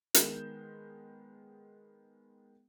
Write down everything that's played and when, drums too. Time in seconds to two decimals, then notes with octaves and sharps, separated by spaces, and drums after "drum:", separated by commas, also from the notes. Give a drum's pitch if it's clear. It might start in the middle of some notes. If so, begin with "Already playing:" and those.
0.14 D#3 G#3 B3 G6 E7, drum: hi-hat